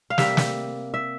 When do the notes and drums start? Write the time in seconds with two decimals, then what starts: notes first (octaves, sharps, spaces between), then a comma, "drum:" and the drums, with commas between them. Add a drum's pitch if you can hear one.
0.10 F5
0.18 C3 G3 A#3 E5, drum: snare
0.37 drum: snare
0.94 E5